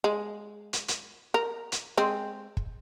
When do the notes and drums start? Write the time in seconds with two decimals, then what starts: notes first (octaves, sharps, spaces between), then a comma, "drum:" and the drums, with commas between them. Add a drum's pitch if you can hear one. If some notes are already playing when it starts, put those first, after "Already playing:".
0.04 G#3
0.73 drum: hi-hat
0.88 drum: hi-hat
1.34 A#4
1.72 drum: hi-hat
1.97 G#3 C4
2.57 drum: kick